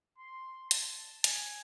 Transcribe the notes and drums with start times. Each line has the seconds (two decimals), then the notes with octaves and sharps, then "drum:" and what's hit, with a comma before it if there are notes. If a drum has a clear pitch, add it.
0.18 C6
0.71 A5, drum: hi-hat
1.24 G#5, drum: hi-hat